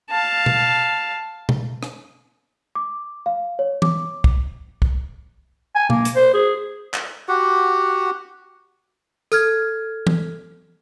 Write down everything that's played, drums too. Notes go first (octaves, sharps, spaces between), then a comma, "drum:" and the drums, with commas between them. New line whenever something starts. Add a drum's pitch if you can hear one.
F5 A5
drum: tom B2
drum: tom B2
drum: rim click
D6
F5
C#5
D6, drum: tom E3
drum: kick
drum: kick
G#5
A#3, drum: tom B2
drum: hi-hat
C5
G#4
drum: clap
F#4 G4 F#5
A4 F6 G#6, drum: tambourine
drum: tom E3